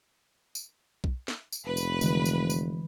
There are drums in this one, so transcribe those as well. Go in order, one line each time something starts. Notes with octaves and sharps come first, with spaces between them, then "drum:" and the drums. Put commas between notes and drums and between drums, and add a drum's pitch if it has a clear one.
drum: tambourine
drum: kick B1
drum: snare
drum: tambourine
F1 B4
drum: tambourine
D3 E3 G#3, drum: tambourine
drum: tambourine
drum: tambourine